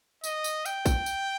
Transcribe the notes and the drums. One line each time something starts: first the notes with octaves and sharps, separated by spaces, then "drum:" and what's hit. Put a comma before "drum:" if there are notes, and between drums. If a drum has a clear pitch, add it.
D#5, drum: tambourine
drum: tambourine
G5, drum: tambourine
drum: kick, tambourine
drum: tambourine